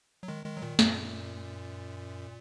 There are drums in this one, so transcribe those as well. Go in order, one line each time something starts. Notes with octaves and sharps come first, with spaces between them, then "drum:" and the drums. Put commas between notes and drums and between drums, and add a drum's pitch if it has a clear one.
F#3
D#3 G#3
D#3 G#3
F#3
A#2 D#3
F#2 A#2, drum: snare